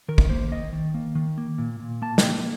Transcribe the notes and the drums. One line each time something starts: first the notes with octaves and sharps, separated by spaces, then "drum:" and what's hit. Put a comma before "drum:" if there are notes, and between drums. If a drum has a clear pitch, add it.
D#3 A#4
drum: kick
A#3 C5
D#3 D#5
D#3
A#3
D#3
A#3
A#2
A#2
A#3 A5
G5, drum: snare
A#3